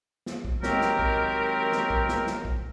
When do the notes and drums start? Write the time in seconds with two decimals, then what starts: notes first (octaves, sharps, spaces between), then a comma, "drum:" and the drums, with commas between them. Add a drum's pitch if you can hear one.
0.26 drum: snare
0.45 drum: kick
0.63 D#3 F#3 G#3 C4 G4 A#4, drum: snare
0.81 drum: snare
0.99 drum: kick
1.72 drum: snare
1.90 drum: kick
2.09 drum: snare
2.27 drum: snare
2.45 drum: kick